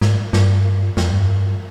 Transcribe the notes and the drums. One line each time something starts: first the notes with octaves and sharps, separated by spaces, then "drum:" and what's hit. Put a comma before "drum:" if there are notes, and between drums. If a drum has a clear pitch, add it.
G#2, drum: snare
G2, drum: snare
F2, drum: snare
G2